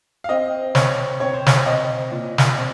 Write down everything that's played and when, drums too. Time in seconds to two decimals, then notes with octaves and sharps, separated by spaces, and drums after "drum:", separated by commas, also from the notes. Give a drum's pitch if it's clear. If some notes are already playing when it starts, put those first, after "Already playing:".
0.24 F5
0.29 C4 D#5
0.75 C4 C#5, drum: snare
1.20 C4 C#5
1.33 C5
1.46 C#5, drum: snare
1.66 C4 D#5
2.11 A#2
2.38 drum: snare
2.58 C4